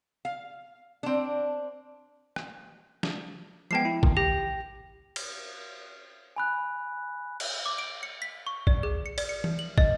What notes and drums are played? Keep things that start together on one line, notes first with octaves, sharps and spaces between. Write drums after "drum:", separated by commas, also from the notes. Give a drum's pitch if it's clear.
F5
C4 D4
drum: rim click
drum: snare
F3 G#3 B3 G5 A5 C7
E4
A#2 D#3, drum: kick
G4 G5 A#6
drum: cymbal
G#5 B5 F#6
drum: cymbal
D6
D7
C#7
B6
C#6
D5, drum: kick
G#4
C#7
D5, drum: cymbal
C#7
drum: tom E3
F#7
D#5, drum: kick